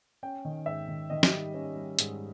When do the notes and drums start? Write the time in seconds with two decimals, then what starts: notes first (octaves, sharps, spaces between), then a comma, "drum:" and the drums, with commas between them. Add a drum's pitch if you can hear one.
0.23 C#4 G5
0.45 D#3
0.66 G#2 E5
0.88 D#3
1.10 D#3 D#5
1.23 drum: snare
1.32 G3
1.54 C#4
1.76 G3
1.99 G#2, drum: hi-hat